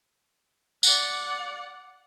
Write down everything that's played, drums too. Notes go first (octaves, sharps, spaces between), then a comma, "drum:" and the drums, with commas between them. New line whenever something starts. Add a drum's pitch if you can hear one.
D5 F#5, drum: tambourine